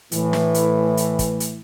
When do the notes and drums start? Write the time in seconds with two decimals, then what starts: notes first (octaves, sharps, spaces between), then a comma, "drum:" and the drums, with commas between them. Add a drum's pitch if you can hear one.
0.12 A2 E3, drum: hi-hat
0.33 drum: snare
0.54 drum: hi-hat
0.97 drum: hi-hat
1.19 drum: kick, hi-hat
1.40 drum: hi-hat